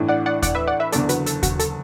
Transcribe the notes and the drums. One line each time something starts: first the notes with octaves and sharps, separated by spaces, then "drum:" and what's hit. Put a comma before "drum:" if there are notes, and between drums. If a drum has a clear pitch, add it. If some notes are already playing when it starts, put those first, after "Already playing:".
Already playing: A2 E3 D4
D5 F#5
D5 F#5
D5 F#5, drum: kick D#2, hi-hat
B4 E5
D5 F#5
B4 E5
F#1 E2 D3 A4 D5, drum: hi-hat
F#4 B4, drum: hi-hat
A4, drum: hi-hat
F#4, drum: kick D#2, hi-hat
A4, drum: hi-hat